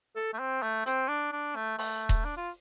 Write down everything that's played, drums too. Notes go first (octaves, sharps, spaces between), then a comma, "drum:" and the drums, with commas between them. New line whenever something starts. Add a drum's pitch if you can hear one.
A4
A3
C4
A3
C4, drum: hi-hat
D4
D4
A3
A3, drum: open hi-hat
drum: kick D#1, hi-hat
D4
F4